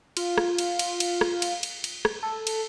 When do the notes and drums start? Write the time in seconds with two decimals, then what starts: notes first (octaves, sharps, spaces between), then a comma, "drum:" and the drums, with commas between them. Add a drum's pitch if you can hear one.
0.17 F4, drum: cymbal
0.38 drum: rim click
0.58 drum: cymbal
0.79 drum: cymbal
1.00 drum: cymbal
1.21 drum: rim click
1.42 drum: cymbal
1.63 drum: cymbal
1.84 drum: cymbal
2.05 drum: rim click
2.23 A4
2.47 drum: cymbal